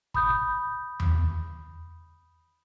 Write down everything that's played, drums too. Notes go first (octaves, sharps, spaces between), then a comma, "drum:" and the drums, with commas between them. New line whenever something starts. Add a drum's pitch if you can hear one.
B5 D#6 G6, drum: kick
drum: tom E2